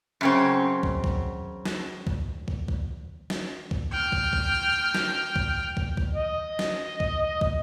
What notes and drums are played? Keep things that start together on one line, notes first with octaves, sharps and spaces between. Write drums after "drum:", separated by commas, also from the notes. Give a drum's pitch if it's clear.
F#2 C#3 C4
drum: kick
drum: kick
drum: snare
drum: kick
drum: kick
drum: kick
drum: snare
drum: kick
G5 F6
drum: kick
drum: kick
drum: snare
drum: kick
drum: kick
drum: kick
D#5
drum: snare
drum: kick
drum: kick